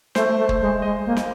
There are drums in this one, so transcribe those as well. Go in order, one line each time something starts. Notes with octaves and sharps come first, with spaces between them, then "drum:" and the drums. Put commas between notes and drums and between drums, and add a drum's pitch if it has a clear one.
A3 C5, drum: snare
A3
drum: kick
G#3
G#3 D#5
A#3
drum: snare